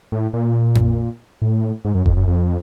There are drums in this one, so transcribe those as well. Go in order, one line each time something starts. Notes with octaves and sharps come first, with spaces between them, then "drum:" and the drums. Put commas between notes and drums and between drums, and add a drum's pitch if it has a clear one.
A2
A#2
drum: tom F2
A2
G#2
F#2
F2, drum: kick F1
F#2
F2